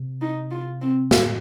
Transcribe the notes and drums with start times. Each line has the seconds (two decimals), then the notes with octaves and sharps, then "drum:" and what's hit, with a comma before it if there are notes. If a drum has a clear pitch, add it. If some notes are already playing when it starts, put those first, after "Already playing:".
Already playing: C3
0.21 D#4
0.51 F4
0.81 C4
1.11 A2, drum: snare